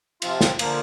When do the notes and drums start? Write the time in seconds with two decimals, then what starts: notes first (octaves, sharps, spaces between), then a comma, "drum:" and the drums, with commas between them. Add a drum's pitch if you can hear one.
0.22 C3 F3 C4 F4, drum: cymbal
0.41 drum: snare
0.59 D3 F3 A#3, drum: cymbal